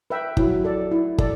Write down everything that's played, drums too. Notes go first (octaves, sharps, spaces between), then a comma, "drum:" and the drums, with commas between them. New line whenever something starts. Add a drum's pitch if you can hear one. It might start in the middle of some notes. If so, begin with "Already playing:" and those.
B4 E5 G5
F#3 E4, drum: kick
A4 D5
E4
A4 D5, drum: kick